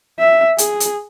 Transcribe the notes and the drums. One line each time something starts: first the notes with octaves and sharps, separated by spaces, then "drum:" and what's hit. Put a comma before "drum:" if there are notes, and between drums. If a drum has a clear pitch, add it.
E5
G#4, drum: hi-hat
drum: hi-hat